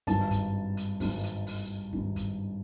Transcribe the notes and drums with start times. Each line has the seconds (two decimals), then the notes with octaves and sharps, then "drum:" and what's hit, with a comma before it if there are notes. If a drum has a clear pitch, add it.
0.07 G#1 G2 D#3 A5, drum: kick, hi-hat
0.31 drum: kick, hi-hat
0.77 drum: hi-hat
1.00 G#1 G2 D#3, drum: kick, open hi-hat
1.23 drum: hi-hat
1.47 drum: open hi-hat
1.93 G#1 G2 D#3, drum: kick
2.16 drum: kick, hi-hat